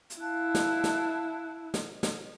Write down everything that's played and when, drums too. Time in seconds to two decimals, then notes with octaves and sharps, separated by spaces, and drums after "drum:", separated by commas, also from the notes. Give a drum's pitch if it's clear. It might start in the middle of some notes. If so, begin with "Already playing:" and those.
0.10 drum: hi-hat
0.21 E4 F5 A5 F#6
0.55 drum: snare
0.84 drum: snare
1.74 drum: snare
2.03 drum: snare